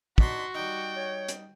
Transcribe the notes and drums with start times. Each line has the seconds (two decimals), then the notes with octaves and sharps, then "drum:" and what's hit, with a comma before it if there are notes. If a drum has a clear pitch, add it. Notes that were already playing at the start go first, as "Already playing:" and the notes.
0.18 D4 D#4 F#4 C5 C6 B6, drum: kick
0.54 G3 D#4 G5
0.96 C#5
1.29 drum: hi-hat